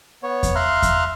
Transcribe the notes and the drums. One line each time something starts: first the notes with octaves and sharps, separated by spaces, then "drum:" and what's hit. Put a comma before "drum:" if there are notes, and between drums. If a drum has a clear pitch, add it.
B3 C#5
drum: kick E2, hi-hat
E5 F5 A#5 C6 F6 F#6
drum: kick E2, hi-hat